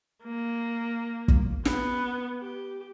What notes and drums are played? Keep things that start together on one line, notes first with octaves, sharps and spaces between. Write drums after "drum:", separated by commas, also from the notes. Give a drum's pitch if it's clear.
A#3
drum: kick
B3, drum: snare
G4